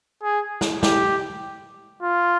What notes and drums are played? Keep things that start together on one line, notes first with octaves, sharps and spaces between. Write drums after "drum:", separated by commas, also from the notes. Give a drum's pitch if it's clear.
G#4
drum: snare
G4, drum: snare
F4